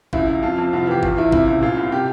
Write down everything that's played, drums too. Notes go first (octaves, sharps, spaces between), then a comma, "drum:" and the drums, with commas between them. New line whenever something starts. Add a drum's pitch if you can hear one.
C#2 E4, drum: kick
C#2
F2 F4
F2
C2 F4
E3 G4
E2 F4, drum: kick
E2 E4
C3 E4, drum: kick
C#2
A#2 F4
C2
C3 G4